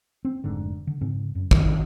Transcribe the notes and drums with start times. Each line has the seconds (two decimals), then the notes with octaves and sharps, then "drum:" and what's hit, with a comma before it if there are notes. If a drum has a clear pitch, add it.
0.25 C4
0.44 F1 G#2 D3
0.87 D3
1.01 G#2 C#3 C4
1.35 F#2
1.51 D#3, drum: kick